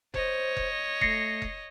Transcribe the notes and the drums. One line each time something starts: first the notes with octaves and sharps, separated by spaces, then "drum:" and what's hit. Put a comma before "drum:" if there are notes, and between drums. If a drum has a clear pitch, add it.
C5 C#5 D#5, drum: kick F1
drum: kick F1
A3 A#6 C7 C#7, drum: kick F1
drum: kick F1